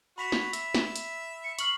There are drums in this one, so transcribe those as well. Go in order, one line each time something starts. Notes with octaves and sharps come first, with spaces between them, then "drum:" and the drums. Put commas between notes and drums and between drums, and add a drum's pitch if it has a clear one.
F#4 B5 B6 F7
drum: snare
E5, drum: hi-hat
drum: snare
drum: hi-hat
C#7
C#6 F6 C7 F#7, drum: hi-hat